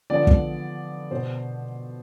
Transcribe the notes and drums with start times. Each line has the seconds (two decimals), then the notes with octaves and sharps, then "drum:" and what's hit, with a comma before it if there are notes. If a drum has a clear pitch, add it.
0.10 D3 F3 B3 D5
0.27 drum: kick
1.11 B2 B3 C5